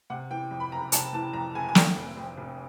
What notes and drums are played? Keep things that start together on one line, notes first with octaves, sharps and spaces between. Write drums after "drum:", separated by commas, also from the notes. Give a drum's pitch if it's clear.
C3 F#5
E3 G5
F2
B5
F#1 A#5
C3 A5, drum: hi-hat
E3 A5
F2 A#5
F#1 G#5
G#5
D3 G5, drum: snare
F1
F2
F1